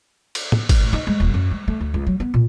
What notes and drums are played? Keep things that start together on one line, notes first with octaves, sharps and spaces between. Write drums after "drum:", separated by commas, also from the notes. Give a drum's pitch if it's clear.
drum: cymbal
drum: tom
drum: kick, cymbal
A1
D#4
G#3
D#1
F#2
G#3
A3
D2
C#2
F#3
B3
A#2